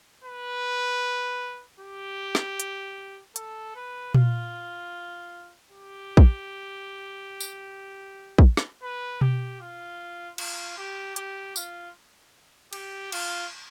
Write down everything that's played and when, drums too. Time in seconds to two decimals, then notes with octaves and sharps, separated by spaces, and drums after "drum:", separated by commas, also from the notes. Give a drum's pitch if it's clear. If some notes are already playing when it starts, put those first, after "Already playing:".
0.24 B4
1.80 G4
2.35 drum: snare
2.60 drum: hi-hat
3.36 A4, drum: hi-hat
3.76 B4
4.14 F4, drum: tom A#2
5.71 G4
6.17 drum: kick
7.40 drum: tambourine
8.38 drum: kick
8.57 drum: snare
8.83 B4
9.21 G4, drum: tom B2
9.61 F4
10.38 F4, drum: cymbal
10.78 G4
11.16 G4, drum: hi-hat
11.56 F4, drum: tambourine
12.73 G4, drum: cymbal
13.12 F4, drum: cymbal